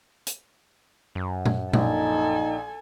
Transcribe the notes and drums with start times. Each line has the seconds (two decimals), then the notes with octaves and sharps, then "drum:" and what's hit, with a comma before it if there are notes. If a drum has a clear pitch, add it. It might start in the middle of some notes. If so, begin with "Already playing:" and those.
0.27 drum: hi-hat
1.15 F#2
1.46 drum: tom A#2
1.73 A#1 D#4 A4 G#5, drum: tom A#2